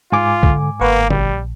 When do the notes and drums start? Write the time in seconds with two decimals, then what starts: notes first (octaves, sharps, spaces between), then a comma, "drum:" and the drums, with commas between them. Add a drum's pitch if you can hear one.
0.12 G#2 F4 G#5 D6
0.43 D3, drum: kick B1
0.81 G1 A#3 B4 F#5 C#6
1.10 A#1 G3, drum: tom